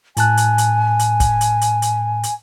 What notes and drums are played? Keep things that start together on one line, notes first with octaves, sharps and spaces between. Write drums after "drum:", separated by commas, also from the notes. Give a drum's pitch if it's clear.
A2 G#5 A5 F#6, drum: hi-hat
drum: hi-hat
drum: hi-hat
drum: hi-hat
drum: kick, hi-hat
drum: hi-hat
drum: hi-hat
drum: hi-hat
drum: hi-hat